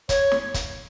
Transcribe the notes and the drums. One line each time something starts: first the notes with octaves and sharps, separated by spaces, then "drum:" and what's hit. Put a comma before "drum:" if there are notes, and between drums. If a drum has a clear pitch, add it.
C#5, drum: kick, hi-hat
drum: snare
drum: kick, hi-hat